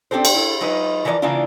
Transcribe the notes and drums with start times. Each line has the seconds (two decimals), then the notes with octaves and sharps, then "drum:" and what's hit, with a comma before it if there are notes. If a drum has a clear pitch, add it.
0.11 C4 D4 G4 A4 C5
0.25 drum: cymbal
0.34 E4 A4
0.61 F#3 G#3 D#4 F4 B4
1.05 E3 F3 A#4 C#5 D5
1.22 C#3 E3 A#3 D4 E4 F4